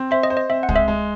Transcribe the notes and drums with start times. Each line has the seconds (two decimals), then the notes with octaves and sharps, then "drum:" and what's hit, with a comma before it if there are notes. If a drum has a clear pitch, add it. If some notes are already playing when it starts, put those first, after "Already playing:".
Already playing: C4
0.11 C5 E5
0.23 D#5
0.30 C5
0.37 D#5
0.50 C4 E5
0.63 F#5
0.69 G#3, drum: kick
0.76 E5
0.88 G#3